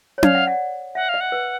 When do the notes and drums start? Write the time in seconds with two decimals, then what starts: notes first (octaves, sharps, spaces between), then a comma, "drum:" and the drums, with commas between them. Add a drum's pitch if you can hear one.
0.18 C#5
0.23 D5 F5, drum: tom C#4
0.35 F#5
0.47 F#5
0.95 E5 F#5
1.09 F5
1.14 D#5
1.21 F#5
1.32 B4